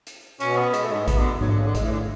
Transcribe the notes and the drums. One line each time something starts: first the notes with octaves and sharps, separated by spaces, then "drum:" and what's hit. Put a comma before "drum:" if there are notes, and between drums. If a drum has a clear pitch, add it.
drum: hi-hat
B2 C#4, drum: hi-hat
B3
G#3, drum: hi-hat
A3
G#2 G#3
A2
B2 B3, drum: kick A1, hi-hat
D3
F#3, drum: tom G#2
D3
C#3
D3
A2 G#3, drum: kick A1, hi-hat
E3
D3
C#3